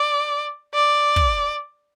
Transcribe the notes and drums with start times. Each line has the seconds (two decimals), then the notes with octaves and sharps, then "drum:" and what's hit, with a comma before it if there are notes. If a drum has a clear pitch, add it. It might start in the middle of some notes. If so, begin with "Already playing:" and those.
Already playing: D5
0.74 D5
1.16 drum: kick